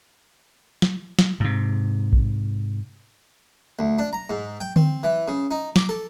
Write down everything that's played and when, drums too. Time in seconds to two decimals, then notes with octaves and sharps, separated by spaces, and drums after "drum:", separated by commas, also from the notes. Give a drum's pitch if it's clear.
0.82 drum: snare
1.19 drum: snare
1.40 G#2 C3
2.13 drum: kick A#1
3.79 D2
3.99 D4
4.13 A#5
4.30 G#2
4.60 G5
4.76 C4, drum: tom D3
5.03 E3
5.28 C#3
5.51 D#4
5.76 D6, drum: snare
5.89 A4